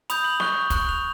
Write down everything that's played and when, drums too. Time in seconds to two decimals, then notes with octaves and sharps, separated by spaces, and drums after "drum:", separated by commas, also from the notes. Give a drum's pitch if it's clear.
0.10 B5 D#6 G6 F7, drum: hi-hat
0.24 F#7
0.40 C#6 F#6 G7, drum: snare
0.70 C#6 F#6, drum: kick, hi-hat
0.89 F7